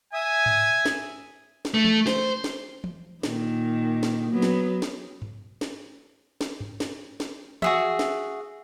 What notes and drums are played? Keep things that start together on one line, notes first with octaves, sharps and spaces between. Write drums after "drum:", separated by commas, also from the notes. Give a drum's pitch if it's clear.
E5 G#5 D#6
drum: tom G#2
drum: snare
drum: snare
A3
drum: tom
C5, drum: snare
drum: snare
drum: tom
A#2 D#3, drum: snare
drum: snare
F#3 B3
drum: snare
drum: snare
drum: tom G2
drum: snare
drum: snare
drum: tom G2
drum: snare
drum: snare
F#4 G#4 E5, drum: tom
drum: snare